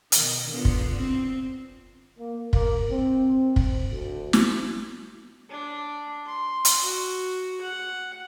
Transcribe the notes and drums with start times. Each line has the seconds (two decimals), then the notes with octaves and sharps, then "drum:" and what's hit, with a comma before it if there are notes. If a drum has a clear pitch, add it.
0.12 B2 D#3, drum: hi-hat
0.50 D3 B3 F4
0.65 drum: kick
0.96 C4
2.19 A#3
2.53 A#3, drum: kick
2.91 C4
3.56 drum: kick
3.91 D2
4.33 drum: snare
5.50 D4
6.26 C6
6.65 drum: hi-hat
6.83 F#4
7.61 F#5